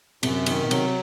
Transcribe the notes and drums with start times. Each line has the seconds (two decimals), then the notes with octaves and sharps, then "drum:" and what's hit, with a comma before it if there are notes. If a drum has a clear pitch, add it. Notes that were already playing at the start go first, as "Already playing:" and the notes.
0.23 F#2 C3, drum: cymbal
0.46 C3 D#3, drum: cymbal
0.64 B2
0.71 C3 F#3, drum: cymbal